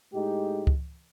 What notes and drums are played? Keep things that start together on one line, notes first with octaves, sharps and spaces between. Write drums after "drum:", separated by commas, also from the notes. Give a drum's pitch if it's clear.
A2 G#3 D#4 G4
drum: kick C#2